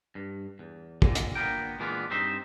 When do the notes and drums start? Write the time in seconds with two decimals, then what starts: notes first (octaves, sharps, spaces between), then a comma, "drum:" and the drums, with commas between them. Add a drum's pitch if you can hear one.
0.15 G2
0.59 E2
1.02 A#2 D3, drum: kick
1.15 drum: hi-hat
1.35 D3 A#3 B3 F4 A#4 G5
1.79 A#2 E3 G#3 B3 D4 F4
2.10 G2 C4 D#4 E5 C6